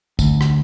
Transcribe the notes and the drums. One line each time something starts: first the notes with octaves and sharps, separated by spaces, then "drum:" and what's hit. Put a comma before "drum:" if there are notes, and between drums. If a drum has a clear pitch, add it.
D2, drum: kick, tambourine
drum: rim click